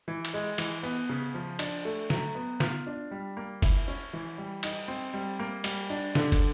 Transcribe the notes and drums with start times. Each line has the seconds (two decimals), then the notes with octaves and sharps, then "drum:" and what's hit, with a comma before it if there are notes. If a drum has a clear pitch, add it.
0.08 E3
0.25 drum: cymbal
0.34 G#3
0.58 E3, drum: cymbal
0.83 B3
1.09 C#3
1.34 F3
1.59 D4, drum: cymbal
1.85 A3
2.10 F#3, drum: snare
2.35 B3
2.60 F4, drum: snare
2.87 D4
3.11 G3
3.37 A#3
3.62 E4, drum: kick, cymbal
3.88 C#4
4.13 E3
4.38 G3
4.63 D#4, drum: cymbal
4.88 C4
5.14 G3
5.39 A#3
5.64 G3, drum: cymbal
5.90 D4
6.15 D3, drum: snare
6.32 drum: kick, cymbal